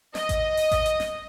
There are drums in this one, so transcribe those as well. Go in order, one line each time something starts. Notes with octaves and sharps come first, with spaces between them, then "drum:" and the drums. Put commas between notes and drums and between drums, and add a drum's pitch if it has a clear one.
D#5, drum: snare
drum: kick A1, hi-hat
drum: open hi-hat
drum: kick A1, hi-hat
drum: hi-hat
drum: snare